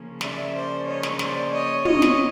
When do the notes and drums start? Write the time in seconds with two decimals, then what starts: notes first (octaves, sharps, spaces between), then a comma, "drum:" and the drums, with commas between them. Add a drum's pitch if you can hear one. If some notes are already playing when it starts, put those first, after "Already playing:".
Already playing: C#3 F3 A#3 C#4
0.21 D5 E5, drum: snare
0.54 C5 D5
0.86 C#5 D#5
1.03 drum: snare
1.19 C5 D5, drum: snare
1.53 C#5 D#5
1.85 C#5 D#5, drum: tom
2.02 drum: snare